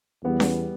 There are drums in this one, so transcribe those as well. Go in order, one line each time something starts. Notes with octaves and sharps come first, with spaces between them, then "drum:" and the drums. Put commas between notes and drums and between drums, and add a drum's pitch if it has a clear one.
E2 G3 B3
drum: snare C#4